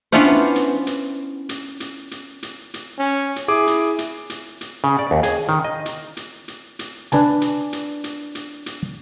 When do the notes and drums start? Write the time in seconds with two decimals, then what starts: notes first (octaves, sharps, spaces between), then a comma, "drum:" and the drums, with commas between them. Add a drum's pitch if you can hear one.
0.12 B3 C#4 D4 E4 F4 C5
0.24 drum: hi-hat
0.56 drum: hi-hat
0.87 drum: hi-hat
1.49 drum: hi-hat
1.80 drum: hi-hat
2.11 drum: hi-hat
2.43 drum: hi-hat
2.74 drum: hi-hat
2.98 C#4
3.36 drum: hi-hat
3.48 E4 G#4 D6
3.67 drum: hi-hat
3.98 drum: hi-hat
4.30 drum: hi-hat
4.61 drum: hi-hat
4.84 C#3
4.99 D5
5.11 D#2
5.23 G#4, drum: hi-hat
5.49 D#3
5.65 D#5
5.86 drum: hi-hat
6.17 drum: hi-hat
6.48 drum: hi-hat
6.79 drum: hi-hat
7.12 D4 B4 G#5 A5, drum: hi-hat
7.41 drum: hi-hat
7.73 drum: hi-hat
8.04 drum: hi-hat
8.35 drum: hi-hat
8.66 drum: hi-hat